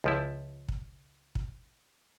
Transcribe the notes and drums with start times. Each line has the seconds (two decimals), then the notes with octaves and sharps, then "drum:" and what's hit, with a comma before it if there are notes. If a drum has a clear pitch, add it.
0.04 C#2 F3 E4
0.69 drum: kick
1.35 drum: kick